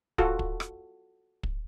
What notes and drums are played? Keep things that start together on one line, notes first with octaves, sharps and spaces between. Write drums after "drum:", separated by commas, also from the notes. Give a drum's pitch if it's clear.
F4 F#4 A4, drum: kick
drum: kick
drum: rim click
drum: kick